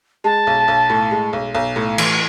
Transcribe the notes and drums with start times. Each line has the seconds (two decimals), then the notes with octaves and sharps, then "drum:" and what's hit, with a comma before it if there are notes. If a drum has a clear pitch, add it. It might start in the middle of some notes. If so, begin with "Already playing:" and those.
0.24 G#3 A5
0.47 B1
0.68 B1
0.90 A2
1.11 G#3
1.33 B1
1.55 B1
1.76 A2
1.98 E3, drum: cymbal